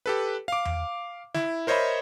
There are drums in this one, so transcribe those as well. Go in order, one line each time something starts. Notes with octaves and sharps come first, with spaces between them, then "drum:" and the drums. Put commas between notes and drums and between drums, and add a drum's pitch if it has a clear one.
G4 A4 B4
F5 D6
drum: tom E2
E4, drum: snare
A#4 C5 C#5 D#5 E5 B5